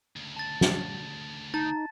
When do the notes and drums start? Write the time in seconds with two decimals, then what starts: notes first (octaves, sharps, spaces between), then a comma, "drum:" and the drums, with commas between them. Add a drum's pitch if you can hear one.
0.16 D2 C#3
0.36 A5 A6
0.61 drum: snare
1.54 D#4 A5 A6